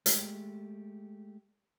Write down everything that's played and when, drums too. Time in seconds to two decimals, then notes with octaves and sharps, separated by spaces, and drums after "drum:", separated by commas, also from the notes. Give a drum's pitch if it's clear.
0.06 G#3 A3 G4, drum: hi-hat